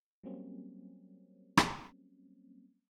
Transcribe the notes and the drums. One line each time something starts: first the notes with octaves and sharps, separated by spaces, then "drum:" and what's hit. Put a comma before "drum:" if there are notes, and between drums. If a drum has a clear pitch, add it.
F#3 G3 A#3 C4 C#4
drum: rim click